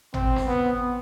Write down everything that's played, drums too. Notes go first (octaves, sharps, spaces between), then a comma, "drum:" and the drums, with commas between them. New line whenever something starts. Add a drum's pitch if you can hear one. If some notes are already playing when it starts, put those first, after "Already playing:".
C4, drum: tom G#1
drum: snare
B3